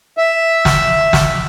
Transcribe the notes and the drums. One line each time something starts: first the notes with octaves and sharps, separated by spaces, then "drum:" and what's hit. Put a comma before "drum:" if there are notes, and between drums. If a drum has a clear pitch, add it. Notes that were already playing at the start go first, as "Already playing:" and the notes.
E5
drum: snare
drum: snare